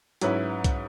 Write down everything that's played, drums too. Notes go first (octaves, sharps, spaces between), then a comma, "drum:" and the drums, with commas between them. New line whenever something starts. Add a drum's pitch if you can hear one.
G#2 F#3 C#4 E4 B4, drum: hi-hat
drum: kick B1, hi-hat